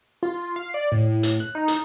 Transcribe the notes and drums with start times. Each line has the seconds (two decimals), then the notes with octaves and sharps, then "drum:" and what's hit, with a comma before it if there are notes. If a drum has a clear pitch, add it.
0.23 F4
0.56 F5
0.74 D5
0.92 A2
1.23 drum: hi-hat
1.40 F#6
1.55 D#4
1.68 drum: hi-hat